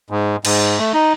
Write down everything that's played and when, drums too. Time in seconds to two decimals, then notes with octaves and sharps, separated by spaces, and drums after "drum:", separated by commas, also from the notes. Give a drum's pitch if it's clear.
0.10 G#2
0.45 G#2, drum: cymbal
0.78 A3
0.94 D#4